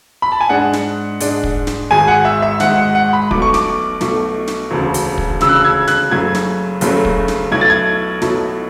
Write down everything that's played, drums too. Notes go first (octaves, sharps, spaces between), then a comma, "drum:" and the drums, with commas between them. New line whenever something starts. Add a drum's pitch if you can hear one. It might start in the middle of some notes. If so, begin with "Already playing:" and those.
B5
A5
G#5
G#2 G#3 D4 F#5
drum: snare
G#2 G#3 D4, drum: hi-hat
drum: kick
drum: snare
G#1 G#2 G#3 G#5
F#5
E5
E5
G#1 G#2 G#3 F#5, drum: snare
F#5
F#5
B5
B1 B2 A3 D6, drum: kick
C#6
D6, drum: snare
B1 B2 A3, drum: snare
drum: snare
E1 D2 C#3
drum: hi-hat
drum: kick
E1 D2 C#3 E6, drum: snare
F#6
E6
G#6
F#6, drum: snare
F#1 F#2 C#3 F#3 A3 G#6
drum: snare
F#1 F#2 C#3 F#3 A3, drum: hi-hat
drum: kick
drum: snare
B1 B2 F#3 A3 E4 G#6
A6
G#6
B1 B2 F#3 A3 E4, drum: snare